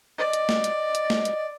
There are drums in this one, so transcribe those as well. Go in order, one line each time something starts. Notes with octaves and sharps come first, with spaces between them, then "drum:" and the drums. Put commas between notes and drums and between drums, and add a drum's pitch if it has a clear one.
D5 D#5
drum: hi-hat
drum: snare A3
drum: hi-hat
drum: hi-hat
drum: snare A3
drum: hi-hat